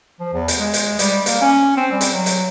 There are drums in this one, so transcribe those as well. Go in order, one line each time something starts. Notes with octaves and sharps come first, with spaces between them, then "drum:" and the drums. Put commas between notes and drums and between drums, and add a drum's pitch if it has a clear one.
F3
E2
drum: hi-hat
G#3
drum: hi-hat
G3, drum: hi-hat
A#3, drum: hi-hat
C#4
C4
G3
drum: hi-hat
F#3
drum: hi-hat